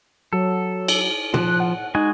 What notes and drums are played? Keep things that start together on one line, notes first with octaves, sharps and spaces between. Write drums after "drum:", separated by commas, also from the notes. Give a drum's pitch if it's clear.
F#3 A4
drum: cymbal
F3 F#6, drum: tom
F#5
G#3 D#4 F#4 G#5